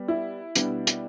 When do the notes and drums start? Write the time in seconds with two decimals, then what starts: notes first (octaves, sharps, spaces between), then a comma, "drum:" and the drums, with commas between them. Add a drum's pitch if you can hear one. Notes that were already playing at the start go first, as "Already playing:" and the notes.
Already playing: G3 B3
0.08 E4
0.56 B2 G3 B3 D4, drum: hi-hat
0.87 drum: hi-hat